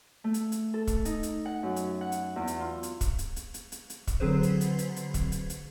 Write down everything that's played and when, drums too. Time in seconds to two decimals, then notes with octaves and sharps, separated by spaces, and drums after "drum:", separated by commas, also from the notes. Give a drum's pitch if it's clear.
0.24 A3
0.34 drum: hi-hat
0.52 drum: hi-hat
0.74 A4
0.87 drum: kick, hi-hat
1.05 D#4, drum: hi-hat
1.23 drum: hi-hat
1.45 F#5
1.63 F#2
1.76 drum: hi-hat
2.01 F#5
2.12 drum: hi-hat
2.36 E2
2.47 drum: hi-hat
2.60 F4
2.83 drum: hi-hat
3.01 drum: kick, hi-hat
3.19 drum: hi-hat
3.36 drum: hi-hat
3.54 drum: hi-hat
3.72 drum: hi-hat
3.90 drum: hi-hat
4.07 drum: kick, hi-hat
4.20 D3 F#3 C4 G#4 B4 C5
4.43 drum: hi-hat
4.61 drum: hi-hat
4.79 drum: hi-hat
4.96 drum: hi-hat
5.14 drum: kick, hi-hat
5.32 drum: hi-hat
5.50 drum: hi-hat